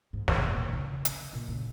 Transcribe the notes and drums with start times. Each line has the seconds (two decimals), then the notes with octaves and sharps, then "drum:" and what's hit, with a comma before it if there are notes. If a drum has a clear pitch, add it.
0.13 G#2
0.28 G#2, drum: snare
0.38 B2
0.43 A#2
0.58 D#3
0.73 C#3
1.05 drum: hi-hat
1.33 A#2
1.48 C#3